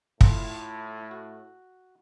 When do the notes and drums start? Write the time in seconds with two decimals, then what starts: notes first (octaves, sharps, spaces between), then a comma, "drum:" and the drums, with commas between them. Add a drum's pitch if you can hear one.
0.21 A2 E4 F4, drum: kick
1.11 F#4